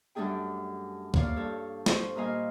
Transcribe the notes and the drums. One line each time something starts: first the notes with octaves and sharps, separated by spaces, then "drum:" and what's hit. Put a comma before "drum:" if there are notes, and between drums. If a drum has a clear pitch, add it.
F#2 G3 A3 D4 G#4 G5
A#3 C#5 D5 F5, drum: kick
G2 A4 C#5
C5 C#6, drum: snare
A#2 G3 A#3 D#5 F5 G#5